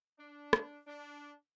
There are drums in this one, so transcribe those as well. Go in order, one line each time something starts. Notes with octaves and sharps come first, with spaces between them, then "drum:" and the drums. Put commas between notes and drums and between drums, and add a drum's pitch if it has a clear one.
D4
drum: rim click
D4